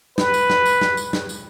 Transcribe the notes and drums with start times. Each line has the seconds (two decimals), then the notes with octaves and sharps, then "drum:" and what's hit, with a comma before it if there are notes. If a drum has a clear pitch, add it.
0.18 B4, drum: snare
0.34 drum: tambourine
0.50 drum: snare
0.66 drum: tambourine
0.81 drum: snare
0.97 drum: tambourine
1.13 drum: snare
1.29 drum: tambourine